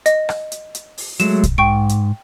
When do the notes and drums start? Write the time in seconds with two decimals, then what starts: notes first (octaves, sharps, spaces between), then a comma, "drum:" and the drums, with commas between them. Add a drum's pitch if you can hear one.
0.06 D#5, drum: hi-hat
0.29 drum: rim click
0.52 drum: hi-hat
0.75 drum: hi-hat
0.98 drum: open hi-hat
1.20 F#3 G#3 A3 E7, drum: hi-hat
1.43 drum: kick, hi-hat
1.58 G#2 G5 C#6 D7
1.89 drum: hi-hat